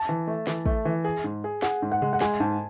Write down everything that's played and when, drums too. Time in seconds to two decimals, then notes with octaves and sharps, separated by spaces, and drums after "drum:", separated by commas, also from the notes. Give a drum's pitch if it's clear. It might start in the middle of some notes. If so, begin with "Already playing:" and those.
Already playing: A5
0.09 E3
0.27 A3
0.47 E3, drum: snare
0.66 A3, drum: kick
0.85 E3
1.05 G#4
1.24 G#2
1.44 G#4
1.62 G#4 F#5, drum: snare
1.82 G#2
1.92 F#5
2.02 G#3, drum: tom C3
2.13 F#5
2.20 G#3 G#5, drum: snare
2.40 G#2 A5